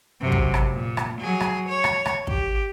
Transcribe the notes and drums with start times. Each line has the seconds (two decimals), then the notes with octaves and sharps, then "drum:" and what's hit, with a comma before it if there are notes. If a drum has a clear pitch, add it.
0.21 F#2 C3
0.32 drum: kick
0.54 drum: rim click
0.72 A#2
0.97 drum: rim click
1.20 F#3 G#4
1.40 drum: rim click
1.68 C#5
1.84 drum: rim click
2.06 drum: rim click
2.27 G4, drum: kick